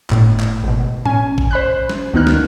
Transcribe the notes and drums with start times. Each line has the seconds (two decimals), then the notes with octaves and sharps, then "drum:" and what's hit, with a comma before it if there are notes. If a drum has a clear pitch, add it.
0.10 G1 A2, drum: clap
0.40 drum: clap
0.64 G#1 B2
1.05 C#4 G#5, drum: tom A2
1.38 drum: kick A1
1.51 C5 B5 F#6
1.89 drum: snare
2.13 D2 D#3 B3 D#4 F6 F#6
2.27 drum: snare